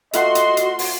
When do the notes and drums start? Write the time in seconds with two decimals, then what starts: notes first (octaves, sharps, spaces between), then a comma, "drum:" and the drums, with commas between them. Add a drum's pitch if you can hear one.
0.13 A3 F4 F#4 D#5 F#5 C6, drum: hi-hat
0.35 drum: hi-hat
0.57 drum: hi-hat
0.79 drum: open hi-hat